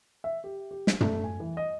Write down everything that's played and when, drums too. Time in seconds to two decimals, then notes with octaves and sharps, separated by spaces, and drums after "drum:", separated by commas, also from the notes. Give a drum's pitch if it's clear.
0.24 E5
0.44 G4
0.71 G4
0.87 drum: snare
1.01 A3, drum: tom
1.24 G#5
1.40 E3
1.57 D#5